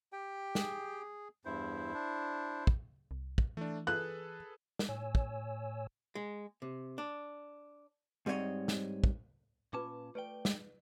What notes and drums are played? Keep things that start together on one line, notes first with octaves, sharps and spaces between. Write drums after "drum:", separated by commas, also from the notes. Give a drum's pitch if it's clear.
G4 G5
G#4, drum: snare
E2 G2 E4 C5
D4
drum: kick
C2
drum: kick
E3 A3 D4
G#4 A4 B4 F#6
drum: snare
A2 C#5 G#5 E6
drum: kick
G#3
C3
D4
G#2 G3 C4 D#4 C#5 D#5
drum: snare
drum: kick
A#2 C#4 F4 B4 A5 D6
A3 B4 D5 G5
drum: snare